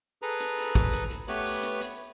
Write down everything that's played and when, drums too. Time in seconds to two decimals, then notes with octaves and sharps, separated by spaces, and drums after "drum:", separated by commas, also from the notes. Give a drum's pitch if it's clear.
0.22 G#4 A4 B4 A#5
0.40 drum: hi-hat
0.58 drum: open hi-hat
0.75 drum: kick, hi-hat
0.93 drum: hi-hat
1.10 drum: hi-hat
1.28 A3 B3 G4 B4 C#5, drum: hi-hat
1.46 drum: open hi-hat
1.63 drum: hi-hat
1.81 drum: hi-hat